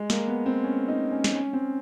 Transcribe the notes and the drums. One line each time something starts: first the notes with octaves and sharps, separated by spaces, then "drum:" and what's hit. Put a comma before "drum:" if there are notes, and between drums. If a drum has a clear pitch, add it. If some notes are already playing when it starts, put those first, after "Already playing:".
Already playing: G#3
A#3, drum: snare
B3
C4
C#4
D#4
C#4
drum: snare
C#4
C4